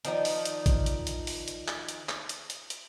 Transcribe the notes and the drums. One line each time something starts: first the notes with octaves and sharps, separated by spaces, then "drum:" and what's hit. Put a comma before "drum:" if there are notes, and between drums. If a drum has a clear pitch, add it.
D#3 F3 D4 D#4, drum: hi-hat
drum: open hi-hat
drum: hi-hat
drum: kick A1, hi-hat
drum: hi-hat
drum: hi-hat
drum: open hi-hat
drum: hi-hat
drum: clap
drum: hi-hat
drum: clap
drum: hi-hat
drum: hi-hat
drum: hi-hat